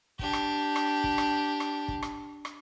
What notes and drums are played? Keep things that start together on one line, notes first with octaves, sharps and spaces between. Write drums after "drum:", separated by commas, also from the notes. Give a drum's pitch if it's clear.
D4 G4, drum: kick
drum: rim click
drum: rim click
drum: kick
drum: rim click
drum: rim click
drum: kick
drum: rim click
drum: rim click